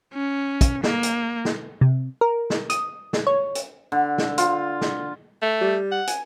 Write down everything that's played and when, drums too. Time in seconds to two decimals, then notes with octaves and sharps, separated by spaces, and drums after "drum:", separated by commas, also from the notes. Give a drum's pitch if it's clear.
0.14 C#4
0.61 drum: kick, hi-hat
0.83 A#3, drum: snare
1.03 drum: hi-hat
1.45 drum: snare
1.81 C3
2.21 A#4
2.50 drum: snare
2.70 D#6, drum: hi-hat
3.13 drum: snare
3.27 C#5
3.55 drum: hi-hat
3.92 D3
4.18 drum: snare
4.38 F4, drum: hi-hat
4.81 drum: snare
5.42 A3
5.61 G3
5.92 F#5
6.07 G#5, drum: hi-hat